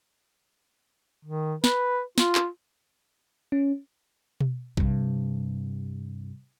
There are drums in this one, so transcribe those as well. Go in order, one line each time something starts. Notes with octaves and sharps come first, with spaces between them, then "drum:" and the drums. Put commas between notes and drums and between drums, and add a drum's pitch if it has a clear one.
D#3
B4, drum: snare
F4, drum: snare
drum: clap
C#4
drum: tom B2
G2 C3, drum: kick B1